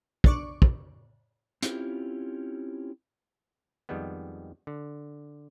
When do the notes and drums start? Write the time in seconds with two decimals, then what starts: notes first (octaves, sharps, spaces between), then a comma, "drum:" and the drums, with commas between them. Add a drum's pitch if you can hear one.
0.24 B1 D4 D5 C#6 D6, drum: kick
0.62 drum: kick
1.62 C4 C#4 E4 F4 G4, drum: hi-hat
3.89 F2 D#3 G3 G#3 B3
4.67 D3